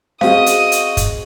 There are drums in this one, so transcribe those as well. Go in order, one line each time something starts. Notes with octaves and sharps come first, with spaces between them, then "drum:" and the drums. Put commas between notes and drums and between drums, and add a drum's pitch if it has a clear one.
C4 F#4 G#4 D#5 F5 D#6, drum: snare C#4
drum: hi-hat
drum: hi-hat
drum: kick, hi-hat